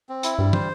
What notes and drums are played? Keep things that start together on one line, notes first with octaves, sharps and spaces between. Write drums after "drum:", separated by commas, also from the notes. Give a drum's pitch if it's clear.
C4
E4, drum: hi-hat
G2 G3
C5, drum: tom